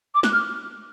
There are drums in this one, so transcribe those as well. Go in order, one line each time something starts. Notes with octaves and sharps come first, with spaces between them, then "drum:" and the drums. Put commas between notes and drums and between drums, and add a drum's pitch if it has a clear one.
D6
F#6, drum: snare
F6